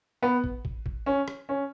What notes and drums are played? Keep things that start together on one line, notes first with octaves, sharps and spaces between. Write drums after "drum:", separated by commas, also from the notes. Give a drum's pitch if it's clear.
B3
drum: kick
drum: kick
drum: kick
C#4
drum: rim click
C#4